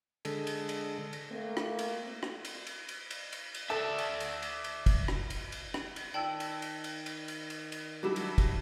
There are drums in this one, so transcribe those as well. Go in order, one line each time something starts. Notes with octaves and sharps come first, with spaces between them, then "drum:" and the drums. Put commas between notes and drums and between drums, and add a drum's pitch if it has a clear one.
D3 G#3 A4, drum: cymbal
drum: cymbal
drum: cymbal
drum: cymbal
A3 A#3 C4
drum: rim click
drum: cymbal
drum: rim click
drum: cymbal
drum: cymbal
drum: cymbal
drum: cymbal
drum: cymbal
drum: cymbal
A4 D5 E5
drum: cymbal
drum: cymbal
drum: cymbal
drum: cymbal
drum: kick, cymbal
drum: rim click
drum: cymbal
drum: cymbal
drum: rim click
drum: cymbal
D#3 D5 G5 A5 E6 F#7
drum: cymbal
drum: cymbal
drum: cymbal
drum: cymbal
drum: cymbal
drum: cymbal
drum: cymbal
F#3 G3 D4 E4 E5
drum: cymbal
drum: kick, cymbal